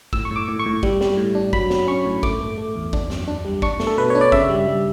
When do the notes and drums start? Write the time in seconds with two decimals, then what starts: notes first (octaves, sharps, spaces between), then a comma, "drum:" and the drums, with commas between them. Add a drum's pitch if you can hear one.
0.13 A2 E6, drum: kick
0.25 C#6
0.31 A2 D6
0.48 A2
0.59 C#6
0.66 A2
0.83 G3, drum: kick
1.01 G3, drum: snare
1.17 A2
1.35 D4
1.53 F#3 B5, drum: kick
1.70 F#3, drum: snare
1.87 C#4 C#6
2.05 A2
2.23 A3 D6, drum: kick
2.41 A3
2.58 A3
2.76 E2
2.93 D4, drum: kick
3.10 F#2, drum: snare
3.28 D4
3.45 G3
3.62 D4 C#6, drum: kick
3.80 A3, drum: snare
3.87 A4
3.98 B2 B4
4.10 D4 C#5
4.21 D5
4.32 C#3 E5, drum: kick
4.50 G3
4.67 G3